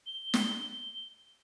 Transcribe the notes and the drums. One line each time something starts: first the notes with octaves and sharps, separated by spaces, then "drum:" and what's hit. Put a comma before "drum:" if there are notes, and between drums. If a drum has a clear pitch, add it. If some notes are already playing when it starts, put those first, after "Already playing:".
G7
drum: snare